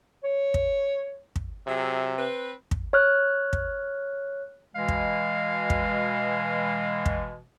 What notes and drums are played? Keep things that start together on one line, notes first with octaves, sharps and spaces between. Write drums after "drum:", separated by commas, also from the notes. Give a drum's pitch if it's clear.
C#5
drum: kick
drum: kick
C3 F#3 G#4 E5
C4 B4
drum: kick
C#5 F6 F#6
drum: kick
B2 E3 G#3 F5
drum: kick
drum: kick
drum: kick